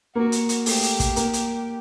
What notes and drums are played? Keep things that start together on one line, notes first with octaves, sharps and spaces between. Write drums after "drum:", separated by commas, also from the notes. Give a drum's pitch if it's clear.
A#3 F#4
drum: hi-hat
drum: hi-hat
A3 G4, drum: open hi-hat
drum: hi-hat
drum: kick, hi-hat
A#3, drum: hi-hat
drum: hi-hat